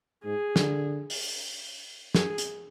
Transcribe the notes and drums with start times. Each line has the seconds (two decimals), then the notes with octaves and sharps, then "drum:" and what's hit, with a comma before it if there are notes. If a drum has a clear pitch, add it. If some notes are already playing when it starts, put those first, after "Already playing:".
0.25 G#2 G#4
0.56 D3, drum: snare
1.10 drum: open hi-hat
2.15 F#2 G#4, drum: snare
2.38 drum: hi-hat